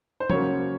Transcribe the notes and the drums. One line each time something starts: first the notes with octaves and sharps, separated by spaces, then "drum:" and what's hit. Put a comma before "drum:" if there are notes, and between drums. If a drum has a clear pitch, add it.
C5
C#3 F#3 A#3 C#5, drum: tom